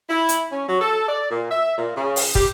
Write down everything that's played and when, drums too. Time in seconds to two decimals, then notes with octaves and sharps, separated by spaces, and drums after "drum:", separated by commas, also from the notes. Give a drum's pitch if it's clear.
0.10 E4
0.29 drum: hi-hat
0.52 C#4
0.68 F#3
0.81 A4
1.08 D5
1.31 A#2
1.51 E5
1.78 A#2
1.97 C#3
2.16 drum: open hi-hat
2.35 G4, drum: kick